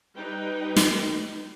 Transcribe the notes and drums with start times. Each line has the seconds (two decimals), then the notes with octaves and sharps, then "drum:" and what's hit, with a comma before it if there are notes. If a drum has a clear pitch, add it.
0.15 G3 D#4 B4 G5
0.76 drum: snare